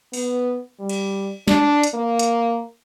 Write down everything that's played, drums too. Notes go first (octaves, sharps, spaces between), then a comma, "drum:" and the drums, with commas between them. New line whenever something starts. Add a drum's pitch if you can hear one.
B3, drum: open hi-hat
G3
drum: cymbal
D4, drum: snare
drum: hi-hat
A#3
drum: hi-hat